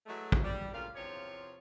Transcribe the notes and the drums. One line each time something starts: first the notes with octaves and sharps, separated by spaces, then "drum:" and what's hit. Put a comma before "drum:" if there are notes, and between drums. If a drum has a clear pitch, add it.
E3 F#3 G#3 A3
drum: kick
G3
D2 A#2 C#3 F4 A#4 F5
E2 C3 F3 F4 C#5